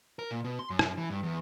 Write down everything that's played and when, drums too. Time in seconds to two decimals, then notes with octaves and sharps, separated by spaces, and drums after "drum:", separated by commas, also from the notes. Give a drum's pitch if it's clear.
0.19 A#4
0.31 A#2
0.44 B2
0.59 C6
0.70 F#2
0.79 drum: rim click
0.97 E3
1.10 G2
1.23 E2